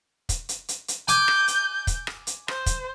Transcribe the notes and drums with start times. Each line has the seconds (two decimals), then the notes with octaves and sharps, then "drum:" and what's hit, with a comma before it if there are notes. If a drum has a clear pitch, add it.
0.29 drum: kick, hi-hat
0.49 drum: hi-hat
0.68 drum: hi-hat
0.88 drum: hi-hat
1.08 G#5 D6 G6, drum: hi-hat
1.28 drum: rim click
1.48 drum: hi-hat
1.87 drum: kick, hi-hat
2.07 drum: rim click
2.27 drum: hi-hat
2.48 C5, drum: rim click
2.66 drum: kick, hi-hat